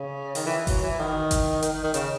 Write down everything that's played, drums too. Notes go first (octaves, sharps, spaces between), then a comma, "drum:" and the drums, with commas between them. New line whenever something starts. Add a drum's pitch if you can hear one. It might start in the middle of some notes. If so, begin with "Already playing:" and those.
Already playing: C#3
D#3, drum: open hi-hat
E3
F#3, drum: kick G1, open hi-hat
E3
D#3
drum: kick G1, hi-hat
D#3, drum: hi-hat
D#3
D#3
C#3, drum: hi-hat